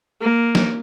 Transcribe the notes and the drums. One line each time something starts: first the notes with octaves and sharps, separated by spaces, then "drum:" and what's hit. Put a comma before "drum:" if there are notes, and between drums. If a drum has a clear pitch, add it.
A#3
drum: snare